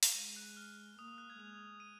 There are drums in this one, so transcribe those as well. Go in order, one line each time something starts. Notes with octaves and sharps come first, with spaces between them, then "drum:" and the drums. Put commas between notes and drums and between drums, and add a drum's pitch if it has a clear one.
drum: open hi-hat
G#3 D#7
F#6
F6
A#3 D#6
D#6
F#6
G#6
G#3 F7
D#7